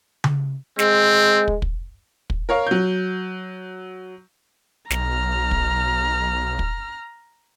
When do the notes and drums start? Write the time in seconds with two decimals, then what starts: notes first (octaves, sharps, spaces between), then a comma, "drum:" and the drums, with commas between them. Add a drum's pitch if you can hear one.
0.24 drum: tom C#3
0.79 G#3 C4, drum: snare
1.48 drum: kick
1.62 drum: kick
2.30 drum: kick
2.49 A#4 C#5 F5
2.67 F#3 G6
4.90 B1 A#5 F6, drum: snare
5.51 drum: kick
6.59 drum: kick